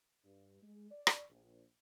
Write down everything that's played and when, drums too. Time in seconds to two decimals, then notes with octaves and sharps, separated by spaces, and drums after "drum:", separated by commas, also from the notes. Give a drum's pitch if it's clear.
0.24 G2
0.62 G#3
0.91 D5
1.07 drum: rim click
1.30 A#1